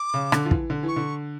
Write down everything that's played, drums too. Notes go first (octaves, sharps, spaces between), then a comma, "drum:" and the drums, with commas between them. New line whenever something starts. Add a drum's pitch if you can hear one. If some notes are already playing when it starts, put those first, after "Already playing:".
Already playing: D6
C#3
D3, drum: rim click
F3
E3, drum: kick
D3
E3 C#6
D3